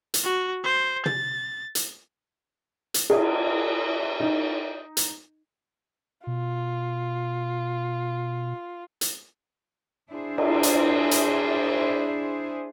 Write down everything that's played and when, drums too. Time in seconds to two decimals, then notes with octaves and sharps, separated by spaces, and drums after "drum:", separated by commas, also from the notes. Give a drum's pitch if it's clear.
0.14 drum: hi-hat
0.24 F#4
0.64 C5
1.06 A6, drum: tom
1.75 drum: hi-hat
2.94 drum: hi-hat
3.10 G#4, drum: cymbal
4.20 D#4
4.97 drum: hi-hat
6.27 B2 F4
9.01 drum: hi-hat
10.10 D4 E4 G#4 C5
10.38 drum: cymbal
10.63 drum: hi-hat
11.11 drum: hi-hat